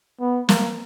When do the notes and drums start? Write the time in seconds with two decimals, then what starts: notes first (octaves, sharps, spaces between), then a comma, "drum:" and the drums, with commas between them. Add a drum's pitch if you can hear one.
0.20 B3
0.49 A#3, drum: snare